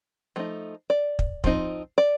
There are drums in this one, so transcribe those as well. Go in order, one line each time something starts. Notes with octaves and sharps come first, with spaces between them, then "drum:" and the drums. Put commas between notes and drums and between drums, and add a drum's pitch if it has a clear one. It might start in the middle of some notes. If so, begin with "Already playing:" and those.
F3 A3 D#4
D5
drum: kick
F3 C4 D#4, drum: kick
D5